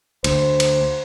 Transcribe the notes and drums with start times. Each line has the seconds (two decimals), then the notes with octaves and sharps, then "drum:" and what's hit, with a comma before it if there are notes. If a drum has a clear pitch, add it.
0.24 D2 C5, drum: cymbal
0.60 drum: cymbal